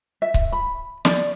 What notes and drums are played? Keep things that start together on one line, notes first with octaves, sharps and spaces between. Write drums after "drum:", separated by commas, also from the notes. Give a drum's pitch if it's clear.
E5
drum: kick C#1
B5
D5, drum: snare